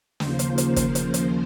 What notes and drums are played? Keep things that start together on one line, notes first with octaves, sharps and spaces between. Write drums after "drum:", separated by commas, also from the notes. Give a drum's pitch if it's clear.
D#2 C#3 F3 A#3 C5, drum: snare
drum: hi-hat
drum: hi-hat
drum: kick, hi-hat
drum: hi-hat
drum: hi-hat